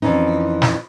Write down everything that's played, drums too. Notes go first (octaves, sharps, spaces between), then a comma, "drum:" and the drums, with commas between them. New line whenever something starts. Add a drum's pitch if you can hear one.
F2 E3 C#4 D#4
drum: snare